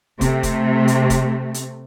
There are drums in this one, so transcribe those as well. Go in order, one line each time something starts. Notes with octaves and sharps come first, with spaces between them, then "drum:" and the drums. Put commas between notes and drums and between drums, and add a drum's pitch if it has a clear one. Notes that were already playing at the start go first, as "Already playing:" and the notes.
C3 A3, drum: kick, hi-hat
drum: kick, hi-hat
drum: hi-hat
drum: kick, hi-hat
drum: hi-hat